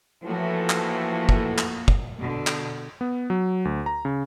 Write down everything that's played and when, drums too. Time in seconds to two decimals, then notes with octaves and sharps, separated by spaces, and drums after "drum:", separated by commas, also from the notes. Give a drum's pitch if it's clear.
0.24 A2 E3 F3 A3 A#3 F#4
0.70 drum: clap
1.29 drum: kick
1.58 drum: clap
1.88 drum: kick
2.19 B2 D3
2.47 drum: clap
3.01 B3
3.30 F#3
3.65 D2
3.86 A#5
4.05 C#3